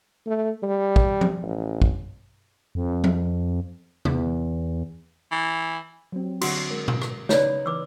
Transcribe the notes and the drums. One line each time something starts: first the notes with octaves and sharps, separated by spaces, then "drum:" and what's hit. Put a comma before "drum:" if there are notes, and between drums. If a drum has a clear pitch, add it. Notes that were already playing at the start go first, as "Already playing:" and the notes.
A3
G3
drum: kick
drum: tom F3
A1
drum: kick
F2
drum: tom F3
E2, drum: tom
E3
F#3 C4
D3 D4 F#4 C6, drum: cymbal
G#3 A#4
drum: tom A#2
drum: rim click
C#3 D#4 B4 C#5 D5, drum: snare
E3 B4 D6 E6